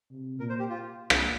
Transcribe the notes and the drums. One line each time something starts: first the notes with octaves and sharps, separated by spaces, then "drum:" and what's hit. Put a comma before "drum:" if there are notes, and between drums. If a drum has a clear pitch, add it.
C3
A#2 A#4
C5
G4
F4
drum: rim click